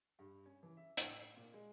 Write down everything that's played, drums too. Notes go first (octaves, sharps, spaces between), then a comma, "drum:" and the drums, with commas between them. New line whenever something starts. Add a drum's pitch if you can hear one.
G2
C#4
E3
E5
A2, drum: hi-hat
C7
A#2
G#3